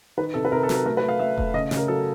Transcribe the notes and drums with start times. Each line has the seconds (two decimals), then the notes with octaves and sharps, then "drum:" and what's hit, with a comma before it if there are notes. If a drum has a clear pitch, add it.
0.17 D#3 B4
0.34 C3 A4
0.45 B4
0.52 C3 A#4
0.63 A4
0.69 F#3, drum: snare
0.74 A#4
0.86 A3 A#4
0.97 B4
1.03 A3
1.09 F5
1.19 A3 E5
1.38 A3, drum: kick E1
1.54 C#3 D#5
1.71 C#3, drum: snare
1.77 A#4
1.88 F#3 A4